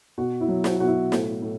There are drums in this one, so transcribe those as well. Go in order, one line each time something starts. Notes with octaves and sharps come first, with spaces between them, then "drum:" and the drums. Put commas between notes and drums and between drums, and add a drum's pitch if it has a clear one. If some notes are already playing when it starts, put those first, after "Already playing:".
B2 F#4
E4
F#3
F#4, drum: snare
B2 F#4
E4
A2, drum: snare
A2